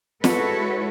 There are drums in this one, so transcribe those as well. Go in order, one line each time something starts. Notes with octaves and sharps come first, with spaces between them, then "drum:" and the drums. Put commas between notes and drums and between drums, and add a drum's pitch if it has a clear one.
G#3 E4 F#4 A4 B4 C#5, drum: snare